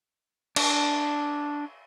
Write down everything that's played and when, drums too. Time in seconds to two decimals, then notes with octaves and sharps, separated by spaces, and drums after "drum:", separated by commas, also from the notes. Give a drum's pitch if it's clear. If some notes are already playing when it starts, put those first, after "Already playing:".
0.56 D4, drum: cymbal